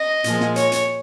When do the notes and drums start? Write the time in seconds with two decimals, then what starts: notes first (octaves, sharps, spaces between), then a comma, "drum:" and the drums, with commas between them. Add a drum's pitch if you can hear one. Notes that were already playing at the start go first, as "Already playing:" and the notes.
Already playing: D#5
0.24 A#2 F3 G#3, drum: hi-hat
0.40 drum: snare
0.56 C#5, drum: hi-hat
0.72 drum: hi-hat